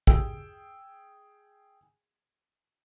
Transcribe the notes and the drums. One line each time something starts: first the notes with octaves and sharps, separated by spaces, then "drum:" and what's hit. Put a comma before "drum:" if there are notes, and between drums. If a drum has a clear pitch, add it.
G#4 G5 E6, drum: kick A1